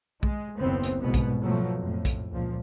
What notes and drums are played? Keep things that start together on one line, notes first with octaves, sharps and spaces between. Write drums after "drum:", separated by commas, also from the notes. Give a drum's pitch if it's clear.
G#3, drum: kick B1
F#1 D#2 C#3 B3 C4
drum: hi-hat
C2 G#2 B2 B3
drum: kick B1, hi-hat
B2 F3 F#3 A3
F2 A2
drum: kick B1, hi-hat
C#2 A#2 F3